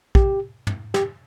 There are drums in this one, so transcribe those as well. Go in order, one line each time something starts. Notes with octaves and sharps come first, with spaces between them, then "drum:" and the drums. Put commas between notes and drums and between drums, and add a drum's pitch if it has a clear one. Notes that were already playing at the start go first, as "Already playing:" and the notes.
G4, drum: kick
drum: tom
G4, drum: snare